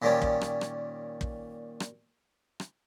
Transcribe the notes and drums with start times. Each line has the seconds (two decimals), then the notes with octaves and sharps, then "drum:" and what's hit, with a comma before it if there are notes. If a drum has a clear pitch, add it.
0.02 A#2 D#3 G3 C#4
0.22 drum: kick
0.41 drum: rim click
0.61 drum: rim click
1.21 drum: kick
1.80 drum: rim click
2.60 drum: rim click